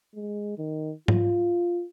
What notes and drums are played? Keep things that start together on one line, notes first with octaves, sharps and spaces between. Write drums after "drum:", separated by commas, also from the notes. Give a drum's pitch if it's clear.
G#3
D#3
F4, drum: tom G#2